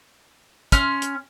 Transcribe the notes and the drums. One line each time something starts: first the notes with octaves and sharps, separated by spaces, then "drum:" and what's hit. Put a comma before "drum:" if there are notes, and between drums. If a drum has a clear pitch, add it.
C#4 C6 F6, drum: kick, hi-hat
drum: hi-hat